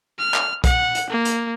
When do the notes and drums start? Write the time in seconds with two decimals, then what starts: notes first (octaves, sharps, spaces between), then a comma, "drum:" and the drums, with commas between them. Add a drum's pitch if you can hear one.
0.19 F6
0.34 drum: clap
0.64 F#5, drum: kick B1, hi-hat
0.95 drum: hi-hat
1.10 A#3
1.25 drum: hi-hat